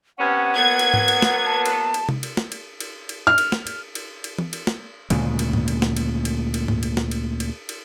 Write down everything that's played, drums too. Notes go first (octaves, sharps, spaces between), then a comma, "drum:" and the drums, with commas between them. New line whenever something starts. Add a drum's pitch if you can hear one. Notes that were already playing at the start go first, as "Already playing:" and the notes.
C3 B3 C#4 F#5
F#3 A#3 B3 G#6
drum: cymbal
drum: tom G#2
drum: cymbal
drum: snare
A5
drum: cymbal
drum: cymbal
drum: tom C3
drum: cymbal
drum: snare
drum: cymbal
drum: cymbal
drum: cymbal
F6
drum: cymbal
drum: snare
drum: cymbal
drum: cymbal
drum: cymbal
drum: tom E3
drum: cymbal
drum: snare
D2 A#2 C#3 G#3, drum: cymbal
drum: cymbal
drum: tom G#2
drum: cymbal
drum: snare
drum: cymbal
drum: cymbal
drum: cymbal
drum: tom G#2
drum: cymbal
drum: snare
drum: cymbal
drum: cymbal
drum: cymbal